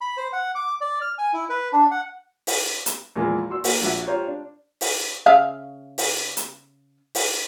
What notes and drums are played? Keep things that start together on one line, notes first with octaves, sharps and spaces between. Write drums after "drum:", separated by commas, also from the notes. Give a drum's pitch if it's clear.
B5
C5
F#5
D6
D5
F6
G#5
E4
B4
D4
F#5
drum: open hi-hat
drum: hi-hat
E2 A#2 E3 F3 G#3 A#3
F#4 D5 C6 E6
A#3 F#4, drum: open hi-hat
A#1 F#4 E5 F#5
F4 G4 C5 C#5 A#5
D4
drum: open hi-hat
C#3 E5 F5
drum: open hi-hat
drum: hi-hat
drum: open hi-hat